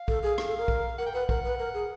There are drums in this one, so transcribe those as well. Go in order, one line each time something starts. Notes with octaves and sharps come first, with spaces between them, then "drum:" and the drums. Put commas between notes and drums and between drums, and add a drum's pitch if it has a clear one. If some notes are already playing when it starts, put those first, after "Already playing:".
Already playing: F5
A4, drum: kick
G#4
drum: rim click
A4
A#4
drum: kick
A#4 F#5
G5
B4 F#5
A#4 F#5, drum: kick
B4
A#4
G#4